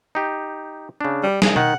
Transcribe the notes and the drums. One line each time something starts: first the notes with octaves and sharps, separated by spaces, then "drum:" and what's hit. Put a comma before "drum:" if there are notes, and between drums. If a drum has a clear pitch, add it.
D#4 G4
C#3 D4
G3
C2 G#4, drum: snare
D#3 F#5, drum: tom